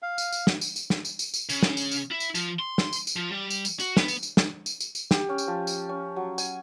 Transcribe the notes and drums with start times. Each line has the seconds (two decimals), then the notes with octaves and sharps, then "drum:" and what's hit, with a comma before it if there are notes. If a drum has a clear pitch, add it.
0.02 F5
0.18 drum: tambourine
0.32 drum: tambourine
0.47 drum: snare
0.61 drum: tambourine
0.76 drum: tambourine
0.90 drum: snare
1.05 drum: tambourine
1.19 drum: tambourine
1.34 drum: tambourine
1.49 C#3, drum: tambourine
1.63 drum: snare
1.77 drum: tambourine
1.91 drum: tambourine
2.11 E4
2.20 drum: tambourine
2.35 F3, drum: tambourine
2.59 C6
2.78 drum: snare
2.93 drum: tambourine
3.07 drum: tambourine
3.16 F3
3.32 G3
3.50 drum: tambourine
3.65 drum: tambourine
3.80 F#4, drum: tambourine
3.97 B3, drum: snare
4.08 drum: tambourine
4.23 drum: tambourine
4.37 drum: snare
4.66 drum: tambourine
4.80 drum: tambourine
4.95 drum: tambourine
5.11 G4, drum: snare
5.29 C#4
5.38 drum: tambourine
5.48 F3
5.67 drum: tambourine
5.89 C#4
6.16 F#3
6.38 G#5, drum: tambourine